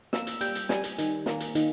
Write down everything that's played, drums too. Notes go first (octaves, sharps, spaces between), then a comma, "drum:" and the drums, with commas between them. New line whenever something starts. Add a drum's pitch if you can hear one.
A#3 E6, drum: snare
drum: hi-hat
G3 G5, drum: hi-hat
drum: hi-hat
G3 G#5, drum: snare
drum: hi-hat
D#3, drum: hi-hat
A#3, drum: snare
drum: hi-hat
D#3, drum: hi-hat